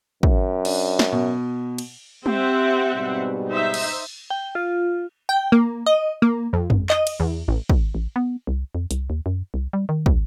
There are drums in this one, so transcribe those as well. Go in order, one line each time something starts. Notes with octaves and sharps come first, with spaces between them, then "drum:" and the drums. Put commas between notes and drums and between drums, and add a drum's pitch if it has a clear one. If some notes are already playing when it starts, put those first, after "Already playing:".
F#2, drum: kick
D4, drum: cymbal
drum: snare
B2
drum: cymbal
C4 G4 E5 F#5, drum: tom G3
G#2 B2 G3
D#4 C5 E5
drum: cymbal
G5
F4
G5
A#3
D#5
A#3
F2
G#1, drum: tom
D#5, drum: clap
drum: cymbal
E2
A1
drum: kick
A1
B3
C2
F2
C2, drum: hi-hat
D#2
F#2
C2
G3
D#3
D2, drum: kick